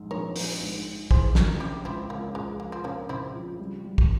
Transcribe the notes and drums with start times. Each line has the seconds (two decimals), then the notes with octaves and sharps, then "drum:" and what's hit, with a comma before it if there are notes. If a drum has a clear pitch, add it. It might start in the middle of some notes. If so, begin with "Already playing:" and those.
Already playing: A#1 G#2
0.11 A#1 A#4 C#5
0.36 A#1, drum: open hi-hat
0.61 G#2
0.86 G#2
1.11 E3 G#4 C5, drum: kick
1.35 A#1 G4 A#4, drum: snare
1.60 C#3 E4 G4
1.85 C#2 C4 E4
2.10 C#2 A#3 C#4
2.35 C#2 G#3
2.59 F3 A#3
2.72 C4
2.84 C#3 A#3 C#4
3.09 C#3 C4 E4
3.34 F3
3.60 G3
3.85 G3
3.98 drum: kick